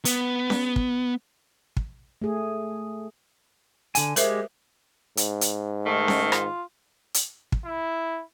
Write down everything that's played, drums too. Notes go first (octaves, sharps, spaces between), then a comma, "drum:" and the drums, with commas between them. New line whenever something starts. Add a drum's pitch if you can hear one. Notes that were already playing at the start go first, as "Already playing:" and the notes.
B3, drum: hi-hat
drum: snare C#4
drum: kick
drum: kick
A3 G#4
D3 G#5, drum: hi-hat
G#3 G4 A#4 C5 E5, drum: hi-hat
G#2, drum: hi-hat
drum: hi-hat
D#3 A3
drum: snare C#4
F4, drum: rim click
drum: hi-hat
drum: kick
E4